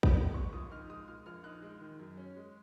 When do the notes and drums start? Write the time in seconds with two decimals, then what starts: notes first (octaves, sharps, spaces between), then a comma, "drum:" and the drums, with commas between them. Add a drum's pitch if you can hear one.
0.03 drum: kick
0.16 G#3
0.34 A#2 C#6
0.53 A#1 D#6
0.71 D#4 F6
0.89 G#3 D#6
1.08 A#2 F6
1.26 A#1 F6
1.44 D#4 F#6
1.62 G#3
1.81 D#3
1.99 F#2
2.17 C#4
2.36 G#3